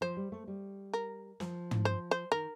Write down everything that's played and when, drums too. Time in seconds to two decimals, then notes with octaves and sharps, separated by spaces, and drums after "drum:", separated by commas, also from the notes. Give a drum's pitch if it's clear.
0.01 F3 C5
0.17 G3
0.32 A3
0.47 G3
0.93 A#4
1.40 F3, drum: snare
1.71 drum: tom
1.85 C5
2.11 C5
2.32 D#3 A#4